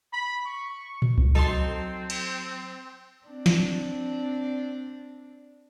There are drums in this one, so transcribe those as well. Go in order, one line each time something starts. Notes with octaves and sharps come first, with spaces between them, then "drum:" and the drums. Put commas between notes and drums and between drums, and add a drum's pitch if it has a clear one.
B5
C#6
drum: tom A#2
drum: kick C2
F#3 C4 D#4 A4 A5 C6
drum: cymbal
C4 D4
drum: snare